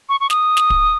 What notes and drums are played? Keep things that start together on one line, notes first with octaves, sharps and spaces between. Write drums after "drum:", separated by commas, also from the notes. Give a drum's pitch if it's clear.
C#6
C#6
D#6, drum: snare
drum: snare
drum: kick